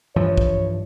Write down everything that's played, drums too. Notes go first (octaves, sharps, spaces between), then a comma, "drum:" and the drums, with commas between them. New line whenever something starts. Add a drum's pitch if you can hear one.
G2 E3 F3 C#5
drum: kick